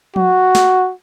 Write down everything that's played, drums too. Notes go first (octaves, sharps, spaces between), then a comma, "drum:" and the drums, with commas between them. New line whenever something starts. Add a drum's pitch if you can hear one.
F#4, drum: tom F3
drum: snare